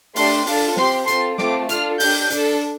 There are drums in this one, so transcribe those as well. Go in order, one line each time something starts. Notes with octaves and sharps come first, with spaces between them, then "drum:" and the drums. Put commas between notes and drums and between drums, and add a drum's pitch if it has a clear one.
A3 D4 G4 C6, drum: open hi-hat
D4 F4 A4, drum: open hi-hat
C4 G4 C6, drum: snare
C4 F4 A4 C6, drum: hi-hat
A3 C4 F4 A4 D6, drum: snare
D4 F4 A4 F6, drum: hi-hat
D4 G4 G6, drum: open hi-hat
D4 A4, drum: hi-hat